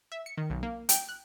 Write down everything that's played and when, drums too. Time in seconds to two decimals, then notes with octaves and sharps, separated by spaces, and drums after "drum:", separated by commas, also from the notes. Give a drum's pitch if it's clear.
0.12 E5
0.26 C#7
0.38 D#3
0.50 B1
0.63 A#3
0.89 G5, drum: hi-hat
1.09 F#6